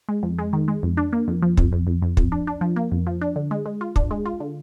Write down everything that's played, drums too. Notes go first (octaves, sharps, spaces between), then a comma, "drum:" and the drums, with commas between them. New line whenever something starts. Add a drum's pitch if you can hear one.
G#3
F2
G#3
D#3
G#3
F2
D4
A#3
F2
F3
F2, drum: kick
F2
F2
F2
F2, drum: kick
D4
D4
F3
A#3
F2
F3
D4
D3
G#3
G#3
F4
D4, drum: kick
G#3
F4
D3